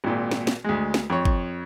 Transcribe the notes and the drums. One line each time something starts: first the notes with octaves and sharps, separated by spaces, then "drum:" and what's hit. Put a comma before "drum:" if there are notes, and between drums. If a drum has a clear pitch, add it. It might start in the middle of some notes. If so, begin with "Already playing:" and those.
G#1 A#2
drum: snare
drum: snare
D2 G#3
drum: snare
F2 C#5
drum: kick